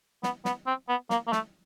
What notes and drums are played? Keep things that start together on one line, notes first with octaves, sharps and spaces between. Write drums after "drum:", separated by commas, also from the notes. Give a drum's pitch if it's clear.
B3, drum: snare
B3, drum: snare
C4
B3
A#3, drum: snare
A#3
A3, drum: snare